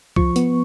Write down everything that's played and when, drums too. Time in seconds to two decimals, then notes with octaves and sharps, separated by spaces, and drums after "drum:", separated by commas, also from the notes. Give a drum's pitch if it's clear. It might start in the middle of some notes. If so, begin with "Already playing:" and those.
0.16 F3 C#6, drum: kick C2
0.36 B3, drum: hi-hat